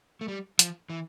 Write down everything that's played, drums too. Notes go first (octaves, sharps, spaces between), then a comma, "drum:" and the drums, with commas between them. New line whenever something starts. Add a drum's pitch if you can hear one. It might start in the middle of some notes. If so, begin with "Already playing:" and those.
A3
G3
F3, drum: hi-hat
E3